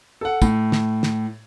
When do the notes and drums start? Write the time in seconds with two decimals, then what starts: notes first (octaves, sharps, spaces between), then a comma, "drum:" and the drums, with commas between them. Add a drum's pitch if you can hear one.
0.21 A4 F#5
0.42 A2, drum: kick, tambourine
0.72 drum: snare
1.03 drum: snare